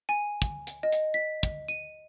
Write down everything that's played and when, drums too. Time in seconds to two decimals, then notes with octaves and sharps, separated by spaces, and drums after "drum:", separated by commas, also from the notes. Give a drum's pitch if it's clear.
0.09 G#5
0.42 drum: kick, hi-hat
0.67 drum: hi-hat
0.83 D#5
0.92 drum: hi-hat
1.14 B6
1.43 drum: kick, hi-hat
1.68 D#7